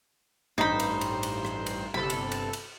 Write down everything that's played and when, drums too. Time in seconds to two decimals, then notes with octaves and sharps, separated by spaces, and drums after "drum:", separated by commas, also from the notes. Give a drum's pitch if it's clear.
0.58 A1 G2 D#4 C5 B5
0.80 drum: cymbal
1.01 drum: cymbal
1.23 drum: cymbal
1.45 drum: rim click
1.66 drum: cymbal
1.94 G1 C3 A4 B5
2.10 drum: cymbal
2.32 drum: cymbal
2.53 drum: cymbal